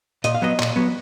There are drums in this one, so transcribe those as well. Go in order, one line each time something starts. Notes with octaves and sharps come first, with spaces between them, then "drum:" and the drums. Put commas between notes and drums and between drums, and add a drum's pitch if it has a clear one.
A#2 D#5, drum: hi-hat
F5
F#3 B3 D#5
A#2, drum: clap
F#3 B3